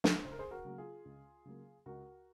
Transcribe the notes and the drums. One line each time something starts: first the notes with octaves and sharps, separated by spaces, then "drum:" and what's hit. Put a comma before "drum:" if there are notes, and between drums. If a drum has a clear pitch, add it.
drum: snare
C#2 C5
A#4
G#4 C5
F#4 A#4
C#3 F#3 A#3
F4 G#4
C#2
C#3 F#3 A#3
C#2 F#4 A#4